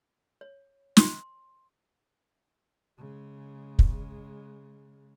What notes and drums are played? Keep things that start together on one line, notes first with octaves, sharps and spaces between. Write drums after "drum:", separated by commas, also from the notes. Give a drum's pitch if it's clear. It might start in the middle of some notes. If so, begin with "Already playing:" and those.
C#5
C6, drum: snare
C#3 G#3
drum: kick